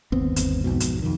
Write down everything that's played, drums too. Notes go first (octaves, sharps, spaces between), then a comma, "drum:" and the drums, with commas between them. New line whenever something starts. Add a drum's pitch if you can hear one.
G1 D#2 B3 C4
drum: hi-hat
B1 F2 G#2 B2
drum: hi-hat
F2 D#3